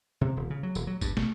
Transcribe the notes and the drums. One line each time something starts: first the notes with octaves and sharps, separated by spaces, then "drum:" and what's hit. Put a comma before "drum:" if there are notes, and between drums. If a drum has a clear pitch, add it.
C3
D#1
C#3
F#3
D#1, drum: tambourine
F#3
G2, drum: kick, tambourine
A3, drum: snare